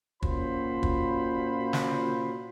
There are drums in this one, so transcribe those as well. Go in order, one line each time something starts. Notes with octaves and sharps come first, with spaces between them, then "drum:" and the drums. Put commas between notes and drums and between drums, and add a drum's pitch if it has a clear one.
A#2 C#4 F4 F#4 C5 B5, drum: kick
drum: kick
drum: snare